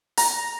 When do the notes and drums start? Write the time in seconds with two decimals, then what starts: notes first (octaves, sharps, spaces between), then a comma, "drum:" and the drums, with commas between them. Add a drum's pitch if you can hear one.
0.18 A#5, drum: open hi-hat